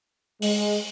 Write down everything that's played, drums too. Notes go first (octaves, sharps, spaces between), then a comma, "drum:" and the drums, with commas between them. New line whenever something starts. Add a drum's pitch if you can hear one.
G#3, drum: open hi-hat